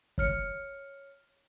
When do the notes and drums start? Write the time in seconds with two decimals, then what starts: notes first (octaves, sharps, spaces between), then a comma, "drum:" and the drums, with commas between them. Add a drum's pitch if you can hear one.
0.18 C#5 F6 C#7, drum: kick